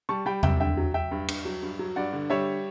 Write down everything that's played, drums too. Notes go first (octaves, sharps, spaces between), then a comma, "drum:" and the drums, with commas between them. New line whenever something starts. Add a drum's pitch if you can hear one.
G3 A5 C#6
G3 G5 B5
G3 E5 G5, drum: tom E2
D3 E5 G5
F#3
F#3 E5 G5
G2
G2, drum: cymbal
F#3
G2
F#3
G2 D5 F#5
D3
G3 C#5 E5